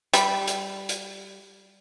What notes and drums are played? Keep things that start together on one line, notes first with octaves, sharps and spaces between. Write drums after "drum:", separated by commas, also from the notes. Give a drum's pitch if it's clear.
G3 B5, drum: hi-hat
drum: hi-hat
drum: hi-hat